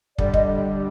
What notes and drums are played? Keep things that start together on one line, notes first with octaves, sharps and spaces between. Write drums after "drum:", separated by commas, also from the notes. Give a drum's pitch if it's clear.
D3 G3 D5, drum: kick
D#5, drum: kick